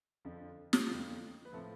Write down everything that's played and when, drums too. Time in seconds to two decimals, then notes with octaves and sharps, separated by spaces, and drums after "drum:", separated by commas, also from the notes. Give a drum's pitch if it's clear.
0.25 F2 D3 F3
0.73 drum: snare
0.88 F2 D3 F3
1.45 B4
1.53 A2 F3 A3 C4 A4